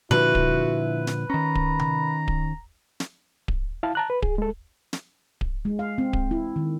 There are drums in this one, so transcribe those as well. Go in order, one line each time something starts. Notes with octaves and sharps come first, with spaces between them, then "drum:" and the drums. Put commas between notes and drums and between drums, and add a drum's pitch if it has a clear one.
A#2 D3 F3 E4 F#4 B4
drum: kick D1
drum: snare
D#3 C#4 A#5 B5
drum: kick D1
drum: tom C3
drum: kick D1
drum: snare
drum: kick D1
E4 F5 A5
A5 A#5 F#6
B4
G#4, drum: kick D1
G#3 A4
drum: snare
drum: kick D1
G#3
F5
C4
drum: kick D1
E4
D#3